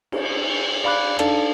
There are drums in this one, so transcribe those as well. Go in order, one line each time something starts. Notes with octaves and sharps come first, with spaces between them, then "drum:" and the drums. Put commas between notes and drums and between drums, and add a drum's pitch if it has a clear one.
drum: cymbal
D5 F5 B5 D6 F#6
D4 D#4 A4 D5 F5 A5, drum: rim click